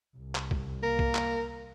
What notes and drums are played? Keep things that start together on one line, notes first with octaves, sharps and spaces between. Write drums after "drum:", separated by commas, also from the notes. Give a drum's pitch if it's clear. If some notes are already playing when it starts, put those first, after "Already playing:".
C2
drum: clap
drum: kick
A#3 A#4
drum: kick
drum: clap